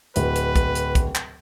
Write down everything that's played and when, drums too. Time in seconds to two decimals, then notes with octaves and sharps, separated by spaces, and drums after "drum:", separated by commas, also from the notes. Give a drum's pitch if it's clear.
0.16 D1 B4, drum: hi-hat
0.36 drum: hi-hat
0.56 drum: kick, hi-hat
0.75 drum: hi-hat
0.95 drum: kick, hi-hat
1.15 drum: clap